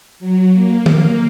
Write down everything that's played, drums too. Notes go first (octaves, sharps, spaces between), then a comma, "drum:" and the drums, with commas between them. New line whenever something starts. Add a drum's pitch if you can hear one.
F#3
A#3
A#3, drum: tom